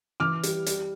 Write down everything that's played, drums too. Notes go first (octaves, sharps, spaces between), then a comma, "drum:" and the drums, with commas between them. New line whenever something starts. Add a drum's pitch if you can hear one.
E3 D6 F6
G3, drum: hi-hat
G3, drum: hi-hat